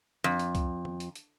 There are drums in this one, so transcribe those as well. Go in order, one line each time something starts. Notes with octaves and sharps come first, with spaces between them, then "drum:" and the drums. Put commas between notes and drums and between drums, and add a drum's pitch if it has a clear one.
F2
drum: hi-hat
drum: kick C2, hi-hat
drum: tom D#3
drum: hi-hat
drum: hi-hat